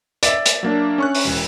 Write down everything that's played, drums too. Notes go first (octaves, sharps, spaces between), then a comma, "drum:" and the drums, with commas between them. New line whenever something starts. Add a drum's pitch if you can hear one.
D5 E5, drum: hi-hat
drum: hi-hat
F#3 A#3 D4
C#4 C#6 F#6
drum: open hi-hat
E1